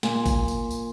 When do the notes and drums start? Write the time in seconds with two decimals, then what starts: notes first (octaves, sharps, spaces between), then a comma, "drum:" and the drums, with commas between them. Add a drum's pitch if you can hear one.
0.03 A#2 G#5, drum: snare
0.26 drum: kick, tambourine
0.48 drum: tambourine
0.71 drum: tambourine